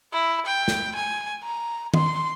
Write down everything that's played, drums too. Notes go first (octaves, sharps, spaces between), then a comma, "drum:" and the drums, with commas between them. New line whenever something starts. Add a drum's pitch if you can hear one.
E4
G5
drum: snare
G#5
A#5
C6, drum: tom D#3